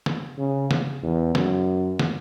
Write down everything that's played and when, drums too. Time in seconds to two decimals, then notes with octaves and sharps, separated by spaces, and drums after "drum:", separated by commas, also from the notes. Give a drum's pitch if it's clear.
0.06 drum: snare
0.38 C#3
0.71 drum: snare
1.03 E2
1.35 F#2, drum: snare
1.99 drum: snare